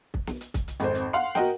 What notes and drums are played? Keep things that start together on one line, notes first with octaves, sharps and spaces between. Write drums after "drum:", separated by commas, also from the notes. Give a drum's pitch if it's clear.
drum: kick
drum: snare
drum: hi-hat
drum: kick, hi-hat
drum: hi-hat
G#1 F2 C5, drum: hi-hat
drum: hi-hat
F5 F#5 C6
F#4 A#4 D#5 F#5 G5, drum: snare